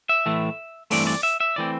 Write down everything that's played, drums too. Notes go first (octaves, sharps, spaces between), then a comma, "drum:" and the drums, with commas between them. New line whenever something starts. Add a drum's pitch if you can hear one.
E5
A2 E3 A3
G2 E3 A3 C4 D5, drum: open hi-hat
D5
E5
E5
E3 A3 C4 D5